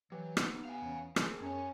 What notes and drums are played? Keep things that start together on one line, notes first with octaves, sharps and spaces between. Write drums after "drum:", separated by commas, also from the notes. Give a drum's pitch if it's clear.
E3 F#3 G4
B3 D#4, drum: rim click
F5 G#5
E2 C#4
C4 G#4 A#4 A5, drum: rim click
F#2 C#4 C#5